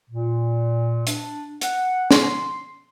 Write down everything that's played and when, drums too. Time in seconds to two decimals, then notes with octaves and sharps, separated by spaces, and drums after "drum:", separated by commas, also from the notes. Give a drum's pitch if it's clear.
0.10 A#2
1.07 D4, drum: hi-hat
1.61 F#5, drum: hi-hat
2.11 C6, drum: snare